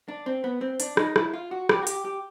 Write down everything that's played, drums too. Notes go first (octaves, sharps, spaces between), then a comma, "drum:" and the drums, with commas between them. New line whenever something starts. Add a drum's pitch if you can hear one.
D4
C4
B3
C4
D4, drum: hi-hat
D#4, drum: rim click
E4, drum: rim click
F4
F#4
G4, drum: rim click
F#4
G4, drum: hi-hat
G4